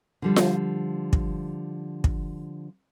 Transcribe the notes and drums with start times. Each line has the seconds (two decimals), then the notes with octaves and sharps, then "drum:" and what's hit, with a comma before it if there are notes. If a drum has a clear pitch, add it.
0.22 D3 F3 G3
0.36 drum: snare F4
1.13 drum: kick
2.04 drum: kick